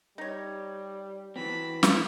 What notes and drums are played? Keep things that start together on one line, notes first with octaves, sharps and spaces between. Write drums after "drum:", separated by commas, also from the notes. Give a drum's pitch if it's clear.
G3 D#4 C#5
E3 F#3 C4 A5 B5
drum: snare